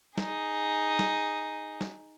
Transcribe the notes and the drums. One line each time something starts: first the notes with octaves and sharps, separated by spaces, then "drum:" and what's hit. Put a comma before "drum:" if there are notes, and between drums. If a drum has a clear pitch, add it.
D#4 G#4, drum: snare
drum: snare
drum: snare